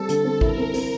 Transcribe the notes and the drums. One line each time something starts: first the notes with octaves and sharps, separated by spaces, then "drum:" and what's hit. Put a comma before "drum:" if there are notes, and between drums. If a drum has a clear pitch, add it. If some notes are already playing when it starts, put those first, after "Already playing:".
Already playing: G3 C4 A4
D3, drum: hi-hat
C4
E4 A#4, drum: kick G#1
C4
C4, drum: open hi-hat